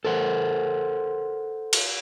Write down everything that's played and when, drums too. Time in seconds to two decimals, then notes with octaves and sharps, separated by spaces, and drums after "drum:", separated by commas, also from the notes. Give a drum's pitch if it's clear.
0.05 A4 A#4 C5 F#5
1.73 drum: cymbal